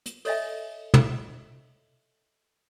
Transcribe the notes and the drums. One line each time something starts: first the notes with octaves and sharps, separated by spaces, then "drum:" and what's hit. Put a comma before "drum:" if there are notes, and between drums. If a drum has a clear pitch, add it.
drum: hi-hat
A4 C#5 D#5 E5 G#5, drum: open hi-hat
drum: tom